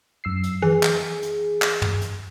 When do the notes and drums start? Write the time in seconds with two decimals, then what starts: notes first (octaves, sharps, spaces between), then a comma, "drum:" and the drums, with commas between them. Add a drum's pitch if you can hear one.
0.24 F#2 E6 C7
0.44 drum: hi-hat
0.62 E3 G#4
0.83 drum: clap
1.22 drum: hi-hat
1.62 drum: clap
1.82 drum: tom
2.01 drum: hi-hat